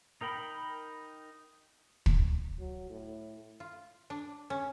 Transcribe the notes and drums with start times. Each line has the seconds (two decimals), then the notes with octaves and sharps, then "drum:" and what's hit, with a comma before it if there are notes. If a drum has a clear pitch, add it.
0.21 D#4 A#4 G5 B5
2.06 drum: kick
2.59 F#3
2.90 A2
3.60 F4
4.10 D4
4.50 C#4